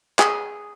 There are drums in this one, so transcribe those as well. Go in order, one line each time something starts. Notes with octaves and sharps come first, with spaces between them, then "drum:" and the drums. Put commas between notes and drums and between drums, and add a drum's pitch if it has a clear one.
G#4, drum: clap